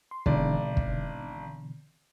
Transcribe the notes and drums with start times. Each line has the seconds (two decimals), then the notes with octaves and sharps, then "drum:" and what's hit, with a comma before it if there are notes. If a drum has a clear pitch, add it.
0.11 C6
0.26 G#1 B2 D3 E3 D5, drum: kick
0.77 drum: kick